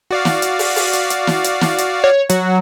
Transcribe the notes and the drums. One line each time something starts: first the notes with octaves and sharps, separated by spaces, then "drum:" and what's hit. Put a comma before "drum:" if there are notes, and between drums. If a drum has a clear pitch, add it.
F#4 D5 F5
drum: snare
drum: hi-hat
drum: open hi-hat
drum: open hi-hat
drum: hi-hat
drum: hi-hat
drum: snare
drum: hi-hat
drum: snare
drum: hi-hat
C#5
F#3 F#4, drum: hi-hat